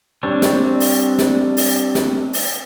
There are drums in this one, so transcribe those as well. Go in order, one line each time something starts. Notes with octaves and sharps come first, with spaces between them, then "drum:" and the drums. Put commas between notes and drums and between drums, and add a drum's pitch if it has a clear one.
G3 C4 D4 C#5
drum: snare
drum: open hi-hat
drum: snare
drum: open hi-hat
drum: snare
drum: open hi-hat